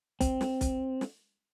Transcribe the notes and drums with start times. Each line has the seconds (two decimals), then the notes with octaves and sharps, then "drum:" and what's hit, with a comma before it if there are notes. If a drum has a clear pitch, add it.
0.21 C4, drum: kick B1, hi-hat
0.41 drum: snare
0.61 drum: kick B1, hi-hat
1.01 drum: snare